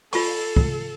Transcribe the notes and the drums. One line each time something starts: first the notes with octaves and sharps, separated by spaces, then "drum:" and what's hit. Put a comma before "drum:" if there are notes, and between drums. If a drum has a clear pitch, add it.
F4 A4 A5 C#6, drum: open hi-hat
drum: kick